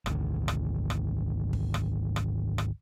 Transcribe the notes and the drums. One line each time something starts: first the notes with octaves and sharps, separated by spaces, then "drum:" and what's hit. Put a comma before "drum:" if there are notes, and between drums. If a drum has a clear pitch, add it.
G#1 D2, drum: rim click
drum: rim click
drum: rim click
drum: kick
drum: rim click
drum: rim click
drum: rim click